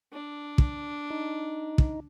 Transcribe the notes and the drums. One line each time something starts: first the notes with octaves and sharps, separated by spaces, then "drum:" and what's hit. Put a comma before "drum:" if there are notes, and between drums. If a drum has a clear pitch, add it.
D4
drum: kick
D#4
drum: kick